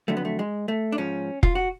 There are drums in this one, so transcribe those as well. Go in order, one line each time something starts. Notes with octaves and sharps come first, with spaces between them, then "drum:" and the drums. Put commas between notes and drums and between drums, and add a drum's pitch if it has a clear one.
F2 D3 F#3 A3
B3
A3
G#3
A3
D4
G#2 F3 C#4
F4, drum: kick F1
F#4